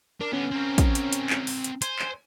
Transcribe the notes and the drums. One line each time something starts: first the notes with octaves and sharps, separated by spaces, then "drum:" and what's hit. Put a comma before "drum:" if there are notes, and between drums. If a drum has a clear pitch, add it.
D4 A#4
D3 B3 C#4
C4 A#4
drum: kick, hi-hat
drum: hi-hat
drum: hi-hat
drum: clap
drum: open hi-hat
drum: hi-hat
C5 G#5, drum: hi-hat
drum: clap